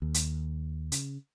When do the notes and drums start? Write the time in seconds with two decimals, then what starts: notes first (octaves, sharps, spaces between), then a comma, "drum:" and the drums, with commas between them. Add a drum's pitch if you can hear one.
0.02 D#2
0.14 drum: hi-hat
0.92 C#3, drum: hi-hat